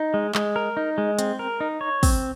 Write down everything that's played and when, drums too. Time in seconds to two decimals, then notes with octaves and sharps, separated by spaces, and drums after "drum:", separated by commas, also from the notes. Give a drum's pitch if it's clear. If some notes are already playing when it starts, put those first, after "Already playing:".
Already playing: D#4
0.14 G#3
0.35 G#3, drum: clap
0.56 A#4
0.77 D#4
0.98 G#3
1.19 C4, drum: hi-hat
1.39 A#4
1.60 D#4
1.81 C#5
2.03 C4, drum: kick, open hi-hat